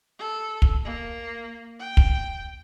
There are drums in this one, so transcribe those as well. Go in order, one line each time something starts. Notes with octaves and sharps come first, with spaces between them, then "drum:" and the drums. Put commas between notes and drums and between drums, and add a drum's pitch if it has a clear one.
A4
drum: kick
A#3
G5
drum: kick